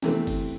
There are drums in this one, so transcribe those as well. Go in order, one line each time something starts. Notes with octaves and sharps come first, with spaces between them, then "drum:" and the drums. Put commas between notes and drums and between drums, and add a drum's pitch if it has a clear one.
C3 E3 A3 C4, drum: snare
drum: kick F#1, cymbal